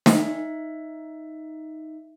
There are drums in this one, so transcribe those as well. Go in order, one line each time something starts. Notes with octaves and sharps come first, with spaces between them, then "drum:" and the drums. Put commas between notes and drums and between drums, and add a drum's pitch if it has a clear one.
D#4 E5, drum: snare